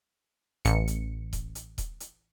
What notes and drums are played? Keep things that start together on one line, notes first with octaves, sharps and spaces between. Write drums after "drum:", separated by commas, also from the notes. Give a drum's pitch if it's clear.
A1 C#7, drum: hi-hat
drum: hi-hat
drum: kick D#1, hi-hat
drum: hi-hat
drum: kick D#1, hi-hat
drum: hi-hat